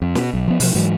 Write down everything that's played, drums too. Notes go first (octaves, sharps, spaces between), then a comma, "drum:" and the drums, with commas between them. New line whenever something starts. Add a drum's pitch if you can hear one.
F2
B2, drum: snare
B1
F3 B3
B2 F3, drum: open hi-hat
G#2 E3 F#3